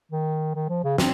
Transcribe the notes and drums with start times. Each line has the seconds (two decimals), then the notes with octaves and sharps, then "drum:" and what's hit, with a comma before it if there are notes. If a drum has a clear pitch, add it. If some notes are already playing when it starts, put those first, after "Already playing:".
0.12 D#3
0.55 D#3
0.69 F3
0.84 C#3
0.98 C4, drum: snare